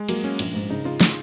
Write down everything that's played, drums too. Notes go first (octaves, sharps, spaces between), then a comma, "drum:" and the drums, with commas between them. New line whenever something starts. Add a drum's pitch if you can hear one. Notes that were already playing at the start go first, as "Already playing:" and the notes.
Already playing: G#3
F#3 A#3, drum: cymbal
A#3 C#4
A#1, drum: cymbal
G#2
C#3 D#4
C#3 F4
drum: snare